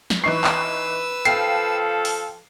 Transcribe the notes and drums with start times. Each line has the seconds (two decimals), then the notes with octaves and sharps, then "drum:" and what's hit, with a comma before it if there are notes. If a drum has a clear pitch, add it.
0.10 drum: snare
0.24 E3 D#4 B4 C#6 E6 C7
0.44 drum: clap
1.25 F3 A4 F5 G5 C7, drum: hi-hat
2.05 drum: open hi-hat